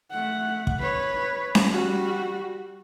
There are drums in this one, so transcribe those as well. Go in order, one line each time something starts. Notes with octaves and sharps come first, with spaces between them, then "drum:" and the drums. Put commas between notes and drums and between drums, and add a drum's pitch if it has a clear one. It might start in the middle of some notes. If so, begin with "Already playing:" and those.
A3 F#5
drum: kick
B4 C#5
drum: snare C#4
G3 F#4